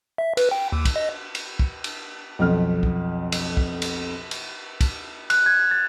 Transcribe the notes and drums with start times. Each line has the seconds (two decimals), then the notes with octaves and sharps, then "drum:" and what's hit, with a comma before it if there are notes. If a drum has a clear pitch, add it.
0.18 E5
0.37 B4, drum: cymbal
0.51 G5
0.72 D#2
0.85 drum: kick, cymbal
0.96 D#5
1.35 drum: cymbal
1.59 drum: kick
1.84 drum: cymbal
2.39 B1 F2 F6
2.83 drum: kick
3.32 drum: cymbal
3.57 drum: kick
3.82 drum: cymbal
4.31 drum: cymbal
4.81 drum: kick, cymbal
5.30 F#6, drum: cymbal
5.46 G#6
5.71 A6